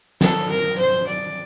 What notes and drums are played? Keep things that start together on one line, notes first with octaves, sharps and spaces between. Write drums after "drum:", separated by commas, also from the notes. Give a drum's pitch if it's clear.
A4, drum: snare
A#4
C5
D5